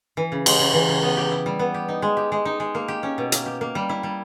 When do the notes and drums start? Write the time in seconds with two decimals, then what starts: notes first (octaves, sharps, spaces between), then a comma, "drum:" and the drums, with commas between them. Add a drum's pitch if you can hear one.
0.17 E3
0.32 C#3
0.46 G#3, drum: cymbal
0.59 C#3
0.74 E3
0.88 C#3
1.03 B3
1.17 G4
1.31 E4
1.46 G3
1.59 B3
1.74 G4
1.89 D#4
2.02 G#3
2.17 G4
2.32 G#3
2.45 D#4
2.60 G#3
2.75 A#3
2.88 G4
3.03 C#4
3.18 B2
3.32 A#3, drum: hi-hat
3.46 G4
3.61 A#3
3.75 G3
3.89 E4
4.03 G3